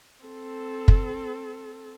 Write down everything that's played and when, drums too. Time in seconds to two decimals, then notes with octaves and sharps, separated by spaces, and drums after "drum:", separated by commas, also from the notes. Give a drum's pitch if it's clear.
0.25 C4 A4
0.88 drum: kick